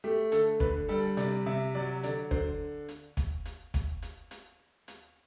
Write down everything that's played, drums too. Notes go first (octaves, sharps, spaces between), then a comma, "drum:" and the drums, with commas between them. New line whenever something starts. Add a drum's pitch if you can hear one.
A3 G4
D3 A4, drum: hi-hat
D3 B4, drum: kick
G3 A4
C3 D5, drum: hi-hat
C3 E5
F#3 D5
D3 D5, drum: hi-hat
D3 C5, drum: kick
drum: hi-hat
drum: kick, hi-hat
drum: hi-hat
drum: kick, hi-hat
drum: hi-hat
drum: hi-hat
drum: hi-hat